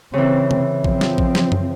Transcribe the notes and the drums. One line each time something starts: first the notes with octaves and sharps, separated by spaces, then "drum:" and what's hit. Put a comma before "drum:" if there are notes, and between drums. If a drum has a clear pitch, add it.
C#3 E3 C4
drum: tom C3
F3 C4, drum: kick
drum: snare
drum: kick
drum: snare
drum: tom F#2